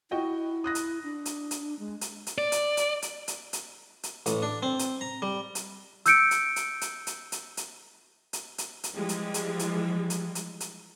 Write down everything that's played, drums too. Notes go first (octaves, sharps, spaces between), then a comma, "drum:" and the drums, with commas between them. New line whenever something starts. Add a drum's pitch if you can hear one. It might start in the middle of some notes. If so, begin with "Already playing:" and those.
E4 F#4 D#5 G5
D#6 F#6 A#6
drum: hi-hat
D4
drum: hi-hat
drum: hi-hat
G#3
drum: hi-hat
drum: hi-hat
D5
drum: hi-hat
drum: hi-hat
drum: hi-hat
drum: hi-hat
drum: hi-hat
drum: hi-hat
A1, drum: hi-hat
D4
C4
drum: hi-hat
A#5
G3
drum: hi-hat
E6 G6 C#7 D7, drum: hi-hat
drum: hi-hat
drum: hi-hat
drum: hi-hat
drum: hi-hat
drum: hi-hat
drum: hi-hat
drum: hi-hat
drum: hi-hat
drum: hi-hat
E3 F3 G3 G#3
drum: hi-hat
drum: hi-hat
drum: hi-hat
drum: hi-hat
drum: hi-hat
drum: hi-hat